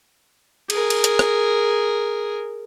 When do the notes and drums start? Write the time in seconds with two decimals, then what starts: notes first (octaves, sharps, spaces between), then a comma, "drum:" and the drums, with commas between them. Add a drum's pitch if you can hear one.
0.70 G#4 A#4, drum: cymbal
0.90 drum: cymbal
1.04 drum: hi-hat
1.19 drum: rim click